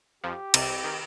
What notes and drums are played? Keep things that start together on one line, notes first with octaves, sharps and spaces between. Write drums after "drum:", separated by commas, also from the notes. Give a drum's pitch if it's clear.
F2 F3 G4
C2 C3, drum: cymbal
D#3